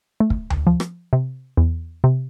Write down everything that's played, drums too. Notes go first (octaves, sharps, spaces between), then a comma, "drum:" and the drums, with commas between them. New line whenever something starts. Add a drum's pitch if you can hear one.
A3
drum: kick
drum: tom D2
F3
drum: rim click
C3
E2
C3